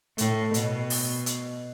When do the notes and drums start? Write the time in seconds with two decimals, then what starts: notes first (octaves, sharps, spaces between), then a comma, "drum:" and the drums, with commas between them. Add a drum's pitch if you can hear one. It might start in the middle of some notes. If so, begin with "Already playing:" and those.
0.18 A2, drum: hi-hat
0.54 B2, drum: hi-hat
0.90 drum: open hi-hat
1.26 drum: hi-hat